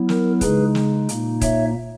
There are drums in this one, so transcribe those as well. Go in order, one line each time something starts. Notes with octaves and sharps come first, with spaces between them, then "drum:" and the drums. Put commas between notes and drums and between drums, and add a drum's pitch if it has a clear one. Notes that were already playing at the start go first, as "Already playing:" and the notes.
Already playing: F#3 B3 E4
A#4, drum: snare
C#3 G#3 D#4 G#4 B4, drum: kick D#1, hi-hat
drum: snare
A#2 A#3 D#4, drum: hi-hat
C#5 E5, drum: kick D#1, hi-hat